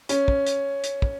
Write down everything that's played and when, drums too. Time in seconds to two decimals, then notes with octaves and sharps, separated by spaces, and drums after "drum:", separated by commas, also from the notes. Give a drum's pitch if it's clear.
0.09 C#4, drum: hi-hat
0.28 drum: kick
0.47 drum: hi-hat
0.84 drum: hi-hat
1.02 drum: kick